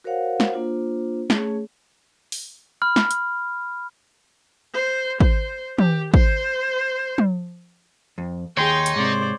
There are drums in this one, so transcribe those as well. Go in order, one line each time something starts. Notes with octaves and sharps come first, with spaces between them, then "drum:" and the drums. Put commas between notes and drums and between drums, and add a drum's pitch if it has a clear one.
F#4 A#4 C5 C#5 F5 F#5
drum: snare
A#3 D4 F4 C5
A3 C#4 G#4 C#5, drum: snare
drum: open hi-hat
B5 F6
drum: snare
drum: hi-hat
C5
C5, drum: kick
G4, drum: tom
C5, drum: kick
drum: tom
F2
D#2 D#4 G#4 C#5 G5 C6
drum: hi-hat
G#2 C3 C5 D5